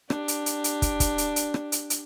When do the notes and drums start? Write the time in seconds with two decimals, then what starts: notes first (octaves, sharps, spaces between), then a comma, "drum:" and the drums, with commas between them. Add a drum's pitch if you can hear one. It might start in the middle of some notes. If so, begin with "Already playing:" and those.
0.10 D4 G4, drum: rim click
0.28 drum: hi-hat
0.46 drum: hi-hat
0.64 drum: hi-hat
0.82 drum: kick, hi-hat
1.00 drum: kick, hi-hat
1.18 drum: hi-hat
1.36 drum: hi-hat
1.54 drum: rim click
1.72 drum: hi-hat
1.90 drum: hi-hat